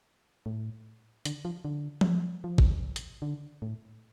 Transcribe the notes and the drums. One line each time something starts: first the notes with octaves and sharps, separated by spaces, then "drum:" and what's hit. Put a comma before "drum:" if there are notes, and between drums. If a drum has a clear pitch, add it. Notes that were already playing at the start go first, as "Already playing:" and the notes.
A2
D3, drum: hi-hat
F3
D3
drum: tom F3
F3
drum: kick
drum: hi-hat
D3
A2